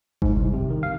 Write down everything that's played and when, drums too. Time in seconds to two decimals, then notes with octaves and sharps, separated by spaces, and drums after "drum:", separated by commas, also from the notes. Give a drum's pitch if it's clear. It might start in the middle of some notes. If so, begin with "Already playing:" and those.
0.22 G#2, drum: kick G1
0.36 C2
0.53 C3
0.70 D#3
0.83 F5